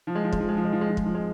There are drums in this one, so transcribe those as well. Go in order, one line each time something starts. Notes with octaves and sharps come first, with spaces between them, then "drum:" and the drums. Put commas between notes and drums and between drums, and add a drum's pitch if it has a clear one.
F3
G#3
F3
G#3, drum: kick
F3
G#3
F3
G#3
F3
G#3
F3
G#3, drum: kick
F3
G#3